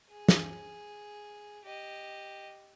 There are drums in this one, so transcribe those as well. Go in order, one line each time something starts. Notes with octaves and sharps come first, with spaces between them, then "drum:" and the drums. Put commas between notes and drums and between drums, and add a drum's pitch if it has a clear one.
G#4
drum: snare
G4 D#5